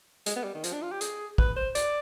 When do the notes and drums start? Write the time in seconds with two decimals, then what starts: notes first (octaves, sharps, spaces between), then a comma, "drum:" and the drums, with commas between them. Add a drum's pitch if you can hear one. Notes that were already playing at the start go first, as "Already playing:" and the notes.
0.26 G#3, drum: hi-hat
0.36 B3
0.44 G3
0.55 D#3
0.64 F3, drum: hi-hat
0.73 D4
0.82 F4
0.92 G4
1.01 G#4, drum: hi-hat
1.38 B4, drum: kick
1.56 C5
1.75 D5, drum: hi-hat